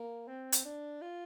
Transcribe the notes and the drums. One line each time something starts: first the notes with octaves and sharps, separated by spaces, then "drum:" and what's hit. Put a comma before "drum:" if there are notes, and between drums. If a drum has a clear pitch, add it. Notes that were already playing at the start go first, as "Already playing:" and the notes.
Already playing: A#3
C4
drum: hi-hat
D4
F4